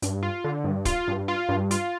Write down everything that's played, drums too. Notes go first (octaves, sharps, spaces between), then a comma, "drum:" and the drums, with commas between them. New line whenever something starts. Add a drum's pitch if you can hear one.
G2, drum: hi-hat
F4
D3
G2
F4, drum: kick, hi-hat
G2
F4
G2
F4, drum: hi-hat